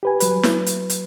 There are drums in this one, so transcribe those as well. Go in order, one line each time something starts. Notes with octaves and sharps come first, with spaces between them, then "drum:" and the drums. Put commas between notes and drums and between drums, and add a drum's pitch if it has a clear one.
G4 B4 G#5
F#3 B4, drum: hi-hat
drum: snare
drum: hi-hat
drum: hi-hat